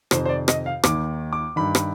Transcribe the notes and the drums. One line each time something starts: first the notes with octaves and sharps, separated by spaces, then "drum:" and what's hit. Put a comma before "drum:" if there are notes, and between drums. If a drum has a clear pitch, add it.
F2 C3 D#3 C5, drum: rim click
C5
D5
D#5, drum: rim click
F5
D#2 D#3 D6, drum: rim click
D6
G2 D#3 B5
drum: rim click